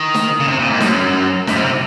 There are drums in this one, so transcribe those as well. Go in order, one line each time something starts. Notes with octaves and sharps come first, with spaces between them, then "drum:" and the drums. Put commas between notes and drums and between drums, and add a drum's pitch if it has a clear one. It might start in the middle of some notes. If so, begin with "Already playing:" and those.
Already playing: D#3
drum: snare
C#3
C3
A#2
G#2
F#2, drum: snare
F#2, drum: snare
G#2
C3